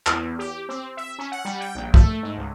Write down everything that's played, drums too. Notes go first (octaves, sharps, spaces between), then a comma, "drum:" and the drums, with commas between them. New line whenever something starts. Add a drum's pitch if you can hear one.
E2, drum: clap
G4
C4
E5
C#4
F#5
G3
G5
A#1
A3, drum: kick
G#2
C#2